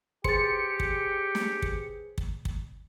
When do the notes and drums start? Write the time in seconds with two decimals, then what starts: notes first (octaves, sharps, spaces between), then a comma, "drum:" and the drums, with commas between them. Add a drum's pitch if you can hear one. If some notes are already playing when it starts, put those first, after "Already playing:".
0.24 G4 G#4 B4 C5 C6 A6 C#7, drum: kick
0.80 drum: kick
1.35 drum: snare
1.62 drum: kick
2.18 drum: kick
2.45 drum: kick